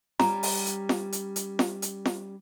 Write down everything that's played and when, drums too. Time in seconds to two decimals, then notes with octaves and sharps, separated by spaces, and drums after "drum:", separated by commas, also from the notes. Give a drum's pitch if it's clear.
0.19 G3 C#4 A#5, drum: snare F4
0.43 drum: open hi-hat
0.66 drum: hi-hat
0.89 drum: snare F4
1.12 drum: hi-hat
1.36 drum: hi-hat
1.59 drum: snare F4
1.82 drum: hi-hat
2.05 drum: snare F4